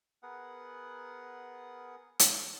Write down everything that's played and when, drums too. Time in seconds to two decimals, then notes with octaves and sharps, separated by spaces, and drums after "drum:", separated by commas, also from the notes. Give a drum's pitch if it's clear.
0.23 B3 G#4 A#4 B4 F#5
2.19 drum: hi-hat